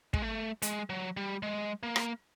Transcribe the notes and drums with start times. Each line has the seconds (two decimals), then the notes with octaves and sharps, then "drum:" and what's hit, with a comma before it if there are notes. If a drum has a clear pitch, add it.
0.14 G#3, drum: kick
0.22 A3
0.62 G#3, drum: hi-hat
0.90 F#3
1.17 G3
1.43 G#3
1.83 A#3
1.96 drum: rim click